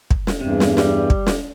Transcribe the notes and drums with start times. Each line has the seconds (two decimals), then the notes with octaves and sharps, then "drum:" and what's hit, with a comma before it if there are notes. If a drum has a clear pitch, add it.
0.11 drum: kick
0.27 drum: snare
0.40 E2 G2 C3
0.60 drum: snare
0.77 G3, drum: snare
1.10 drum: kick
1.27 drum: snare